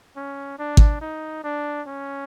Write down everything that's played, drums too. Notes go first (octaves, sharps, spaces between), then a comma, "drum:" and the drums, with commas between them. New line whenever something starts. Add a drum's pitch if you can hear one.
C#4
D4
drum: kick
D#4
D4
C#4